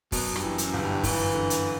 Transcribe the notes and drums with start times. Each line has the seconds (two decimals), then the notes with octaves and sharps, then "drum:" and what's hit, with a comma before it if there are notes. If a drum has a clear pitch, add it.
0.12 F#2 B2, drum: kick, open hi-hat
0.36 G2, drum: rim click
0.43 E3
0.58 F#2, drum: hi-hat
0.74 G1
0.82 G2
1.04 F#2 E3, drum: kick, open hi-hat
1.35 D3
1.50 drum: hi-hat